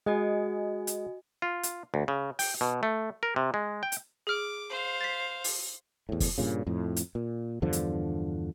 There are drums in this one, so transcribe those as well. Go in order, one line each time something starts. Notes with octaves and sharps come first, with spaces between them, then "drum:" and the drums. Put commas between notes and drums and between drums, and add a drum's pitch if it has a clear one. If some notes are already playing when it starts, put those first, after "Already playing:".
G#3 F#4 D#5 G#5
drum: hi-hat
F4
drum: hi-hat
D2
C#3
G5, drum: open hi-hat
B2
A3
A#4
C3
G#3
G5
drum: hi-hat
G#4 D6 F6 F#7
C5 F5
A6 B6
drum: open hi-hat
E2 A2
drum: kick, open hi-hat
G2 A#2 C#3
F2 A2
drum: hi-hat
A#2
E2 G2 D3 F3
drum: hi-hat